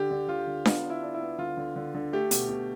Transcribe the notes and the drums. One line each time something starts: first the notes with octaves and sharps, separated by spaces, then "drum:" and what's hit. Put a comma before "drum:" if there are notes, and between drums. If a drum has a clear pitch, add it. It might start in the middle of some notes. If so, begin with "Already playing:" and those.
Already playing: D3 G4
D3
D3 F4
D3
B3 F4, drum: snare D4
D4
E4
D4
E4
B3
D3 F4
D3
D3
D3
A3 G4
B2, drum: hi-hat
B2